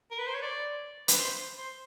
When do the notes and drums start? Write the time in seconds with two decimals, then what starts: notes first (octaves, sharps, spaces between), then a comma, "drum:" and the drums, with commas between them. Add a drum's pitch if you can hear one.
0.11 A#4
0.19 B4
0.27 C5
0.34 C#5
0.42 D5
1.08 B4, drum: hi-hat
1.19 C5
1.58 C5